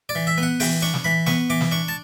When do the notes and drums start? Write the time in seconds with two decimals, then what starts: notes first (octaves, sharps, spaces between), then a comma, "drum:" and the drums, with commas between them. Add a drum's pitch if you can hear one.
0.09 D5
0.15 E3
0.27 E5
0.38 B3
0.43 F#5
0.60 E3 G5, drum: open hi-hat
0.82 D4 C#6
0.94 drum: snare
1.04 E3 B5
1.27 B3 C#6, drum: snare
1.50 E3 D6
1.61 drum: snare
1.71 D4 C#6
1.88 A5